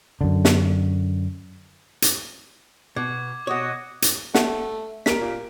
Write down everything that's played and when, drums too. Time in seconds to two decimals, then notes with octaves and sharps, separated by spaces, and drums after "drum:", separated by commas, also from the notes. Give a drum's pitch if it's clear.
0.21 F#2 D3
0.45 drum: snare
2.02 drum: hi-hat
2.96 B2 D6 G#6
3.47 B2 F#4 C#5 D#5 D#6
4.02 drum: hi-hat
4.35 A3 F#5, drum: snare
5.06 G4 A#4 B6 D7, drum: snare
5.20 A#2